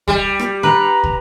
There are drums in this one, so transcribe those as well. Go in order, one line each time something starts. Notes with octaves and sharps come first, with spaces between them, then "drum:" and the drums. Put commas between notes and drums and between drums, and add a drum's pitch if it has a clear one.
G3, drum: kick
drum: rim click
B4 A#5
drum: kick